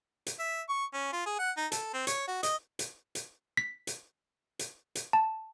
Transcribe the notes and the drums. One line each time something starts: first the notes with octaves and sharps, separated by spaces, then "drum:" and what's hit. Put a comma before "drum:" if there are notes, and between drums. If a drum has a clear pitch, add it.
drum: hi-hat
E5
C#6
C#4
F4
G#4
F#5
D#4
A4, drum: hi-hat
C4
C#5, drum: hi-hat
F#4
D#5, drum: hi-hat
drum: hi-hat
drum: hi-hat
B6
drum: hi-hat
drum: hi-hat
drum: hi-hat
A5